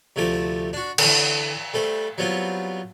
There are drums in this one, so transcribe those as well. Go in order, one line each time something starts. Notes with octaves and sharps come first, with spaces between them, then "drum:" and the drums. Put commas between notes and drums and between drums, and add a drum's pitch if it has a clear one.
D2 C3 F3 A3 A5 D6
D4 F#4
D3 E3, drum: cymbal
G3 A3 A4 C5
F#3 G3 B3 C4 F4